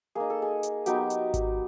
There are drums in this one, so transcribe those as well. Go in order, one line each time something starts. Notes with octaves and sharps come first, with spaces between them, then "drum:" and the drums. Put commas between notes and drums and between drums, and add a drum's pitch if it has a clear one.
A#3 D#4 G#4
A4
G#4
drum: hi-hat
F#3 B3 D#4 G4, drum: hi-hat
drum: hi-hat
drum: kick G#1, hi-hat